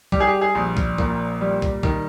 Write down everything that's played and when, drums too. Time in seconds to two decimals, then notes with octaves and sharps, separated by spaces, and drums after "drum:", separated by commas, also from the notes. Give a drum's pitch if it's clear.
0.12 G3 G4, drum: kick
0.20 G#4
0.27 G4
0.41 G#4
0.55 A#1
0.77 drum: kick
0.98 A#2, drum: kick
1.41 G3
1.62 drum: kick
1.83 D#3, drum: kick